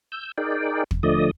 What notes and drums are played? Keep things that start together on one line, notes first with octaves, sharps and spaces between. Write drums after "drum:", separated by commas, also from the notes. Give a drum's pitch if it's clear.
E6 G6
D#4 G#4 A#4 D5 G5
drum: kick
D3 F3 A3 D5 D#5 D#6